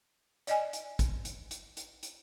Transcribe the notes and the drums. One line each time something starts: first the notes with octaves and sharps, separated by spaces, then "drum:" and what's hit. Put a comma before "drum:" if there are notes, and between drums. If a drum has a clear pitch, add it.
D5 D#5 G#5, drum: hi-hat
drum: hi-hat
drum: kick, hi-hat
drum: hi-hat
drum: hi-hat
drum: hi-hat
drum: hi-hat